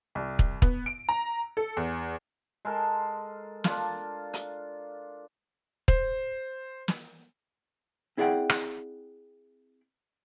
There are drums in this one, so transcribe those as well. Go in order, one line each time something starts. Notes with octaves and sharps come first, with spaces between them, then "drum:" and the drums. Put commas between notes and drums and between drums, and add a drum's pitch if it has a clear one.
C2
drum: kick
B3, drum: kick
D7
A#5
A4
E2
G#3 A4 A#4
D4 F4, drum: snare
drum: hi-hat
C5, drum: kick
drum: snare
C4 E4 G#4 D5 F#5 G5
drum: rim click